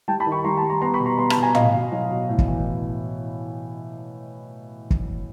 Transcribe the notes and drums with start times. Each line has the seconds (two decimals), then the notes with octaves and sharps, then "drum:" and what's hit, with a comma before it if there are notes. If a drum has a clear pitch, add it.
0.08 G3 G5 A5
0.20 A5 B5
0.27 D#3
0.32 B5 C#6
0.45 G3 A#5 C6
0.57 A5 B5
0.63 G3
0.70 A#5 C6
0.81 B3 A#5 C6
0.94 B5 C#6
1.00 B2
1.06 A#5 C6
1.18 B3 A#5 C6
1.30 A5 B5, drum: rim click
1.37 B2
1.42 G#5 A#5
1.55 B2 D#5 F5, drum: tom
1.73 B2
1.92 F#3
2.11 B2
2.29 A2
2.38 drum: kick
2.48 E3
4.90 drum: kick